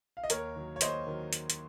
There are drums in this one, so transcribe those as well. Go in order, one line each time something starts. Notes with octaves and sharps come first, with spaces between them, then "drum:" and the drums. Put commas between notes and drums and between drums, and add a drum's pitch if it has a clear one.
F5
D#5
D#2 A#4 C#5, drum: hi-hat
D#3 F#3
C#5
D#2 C5 D#5, drum: hi-hat
D#3 F#3
drum: hi-hat
drum: hi-hat